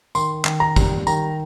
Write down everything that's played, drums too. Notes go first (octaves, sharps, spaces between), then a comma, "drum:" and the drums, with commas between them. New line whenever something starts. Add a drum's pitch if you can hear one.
D#3 C6, drum: tambourine
D#3, drum: clap
A#5
G3, drum: kick, tambourine
D#3 A#5, drum: tambourine